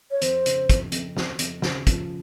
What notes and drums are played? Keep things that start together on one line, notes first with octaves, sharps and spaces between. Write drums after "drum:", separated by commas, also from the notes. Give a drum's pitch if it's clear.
C#5
F2 C5, drum: hi-hat
C#3, drum: hi-hat
F2, drum: kick, hi-hat
F2, drum: hi-hat
F2, drum: snare
F2, drum: hi-hat
C#3, drum: snare
F3, drum: kick, hi-hat